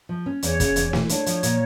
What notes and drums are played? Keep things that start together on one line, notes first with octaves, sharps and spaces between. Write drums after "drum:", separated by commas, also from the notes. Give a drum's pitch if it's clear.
F3
C#4
E2 C#5, drum: hi-hat
C#3, drum: kick E1, hi-hat
E2, drum: hi-hat
E3, drum: snare
D4 C#5, drum: hi-hat
F3, drum: hi-hat
A#2, drum: hi-hat